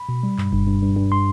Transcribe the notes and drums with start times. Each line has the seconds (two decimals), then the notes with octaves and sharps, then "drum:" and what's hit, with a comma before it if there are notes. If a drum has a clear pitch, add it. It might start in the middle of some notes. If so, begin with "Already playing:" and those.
Already playing: B5
0.09 B2
0.23 G3
0.38 G2, drum: clap
0.52 G2, drum: kick G1
0.67 G2
0.82 G2
0.96 G2
1.12 C6